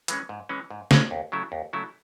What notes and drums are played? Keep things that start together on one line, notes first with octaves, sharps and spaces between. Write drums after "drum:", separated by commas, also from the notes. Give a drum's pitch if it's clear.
E3 G#3 C#4, drum: hi-hat
G#2
E3 G#3 C#4
G#2
E3 G#3 C#4, drum: snare
D#2
C#3 F#3 A3 E4
D#2
C#3 F#3 A3 E4